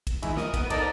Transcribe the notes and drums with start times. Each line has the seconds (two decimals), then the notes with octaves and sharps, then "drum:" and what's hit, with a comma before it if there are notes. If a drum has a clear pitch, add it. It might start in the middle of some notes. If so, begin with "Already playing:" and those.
0.07 drum: kick, cymbal
0.23 D#3 E3 G#3, drum: cymbal
0.37 A#4 D#5, drum: snare
0.54 B3 B4, drum: kick, cymbal
0.70 D#4 A4 A#4 C5 D5 D#5, drum: cymbal